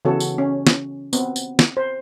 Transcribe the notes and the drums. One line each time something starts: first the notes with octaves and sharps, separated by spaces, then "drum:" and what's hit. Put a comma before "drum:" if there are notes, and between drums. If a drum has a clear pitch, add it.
C#3 E3 B3 F#4 A4 C#5
drum: tambourine
C#4
drum: snare
B3 C4, drum: tambourine
drum: tambourine
drum: snare
C5